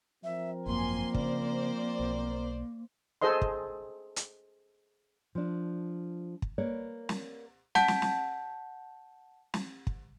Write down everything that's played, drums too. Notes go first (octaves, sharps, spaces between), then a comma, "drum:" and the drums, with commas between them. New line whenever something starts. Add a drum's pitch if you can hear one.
F3 C4 A#4 E5
G#1 F#2 A#3 G#5 C6
C#3 C5 D5, drum: kick
B1
G#4 A4 C5 D#5 C6
drum: kick
drum: hi-hat
F3 D4
drum: kick
A#3 B4 C#5 D5
drum: snare
F#5 A5 G6, drum: snare
drum: snare
drum: snare
drum: snare
drum: kick